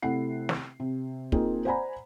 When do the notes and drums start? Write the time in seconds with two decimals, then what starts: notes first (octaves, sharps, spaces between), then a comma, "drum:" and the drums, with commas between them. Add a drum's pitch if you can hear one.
0.02 C3 A3 E4 F#5 C7
0.49 drum: snare
0.80 C3
1.32 A#3 C4 D#4 F4 G#4, drum: kick
1.65 C5 D5 F#5 G#5 A#5 B5